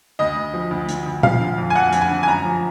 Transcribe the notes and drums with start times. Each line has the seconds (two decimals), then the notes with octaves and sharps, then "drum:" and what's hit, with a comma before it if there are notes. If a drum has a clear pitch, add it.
0.19 D2 D#5
0.37 D2
0.54 F3
0.71 D2
0.89 D3, drum: hi-hat
1.06 D2
1.23 F3 F5, drum: tom A#2
1.41 D3
1.58 F2
1.70 G#5
1.75 F2 F#5
1.93 F2, drum: hi-hat
2.01 G#5
2.10 D3
2.23 G#5
2.27 F#2 A#5
2.45 F3